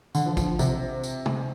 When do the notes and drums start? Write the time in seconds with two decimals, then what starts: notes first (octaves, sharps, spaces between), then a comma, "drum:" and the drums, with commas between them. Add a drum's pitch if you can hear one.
0.15 D3, drum: tambourine
0.26 F3
0.37 F3, drum: kick A1, tambourine
0.59 C3, drum: tambourine
1.03 drum: tambourine
1.26 drum: tom